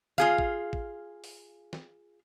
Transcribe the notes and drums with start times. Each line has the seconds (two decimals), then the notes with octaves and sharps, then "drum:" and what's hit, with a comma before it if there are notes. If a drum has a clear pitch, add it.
0.18 F4 G#4 F5, drum: tom D3
0.38 drum: kick
0.73 drum: kick
1.24 drum: open hi-hat
1.73 drum: snare